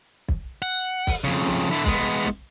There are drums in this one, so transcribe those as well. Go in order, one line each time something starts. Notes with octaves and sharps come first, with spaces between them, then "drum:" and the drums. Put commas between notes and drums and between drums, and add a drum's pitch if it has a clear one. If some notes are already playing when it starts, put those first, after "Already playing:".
drum: kick
F#5
drum: kick, open hi-hat
F2 C#3
drum: snare
D3 E4
G#3 B3, drum: kick, open hi-hat
drum: snare